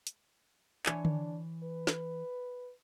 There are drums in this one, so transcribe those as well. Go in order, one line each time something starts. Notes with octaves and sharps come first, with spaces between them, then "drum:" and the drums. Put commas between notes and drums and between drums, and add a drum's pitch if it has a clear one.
drum: hi-hat
E3 D4 C#5 G#5, drum: clap
drum: tom D3
B4
drum: snare